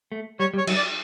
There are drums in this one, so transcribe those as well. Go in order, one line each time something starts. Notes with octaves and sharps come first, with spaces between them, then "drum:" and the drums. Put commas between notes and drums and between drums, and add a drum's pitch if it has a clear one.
A3
G3 C#5
G3
C#5
F#3, drum: cymbal
D5